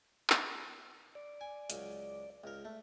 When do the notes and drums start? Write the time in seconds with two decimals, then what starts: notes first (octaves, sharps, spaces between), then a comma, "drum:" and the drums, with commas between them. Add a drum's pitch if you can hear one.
0.30 drum: clap
1.15 D5
1.41 G#5
1.70 C#2 F#3, drum: hi-hat
2.44 C#2 A#4
2.65 A3